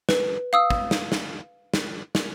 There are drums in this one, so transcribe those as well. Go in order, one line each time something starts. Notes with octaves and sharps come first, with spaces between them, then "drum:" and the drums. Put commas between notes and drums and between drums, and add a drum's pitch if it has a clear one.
B4, drum: snare
F5 D#6 E6
drum: kick
drum: snare
drum: snare
drum: snare
drum: snare